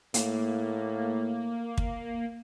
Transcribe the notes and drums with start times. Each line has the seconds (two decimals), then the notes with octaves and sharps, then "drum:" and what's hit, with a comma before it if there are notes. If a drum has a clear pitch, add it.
0.14 A2 A#3, drum: hi-hat
1.78 drum: kick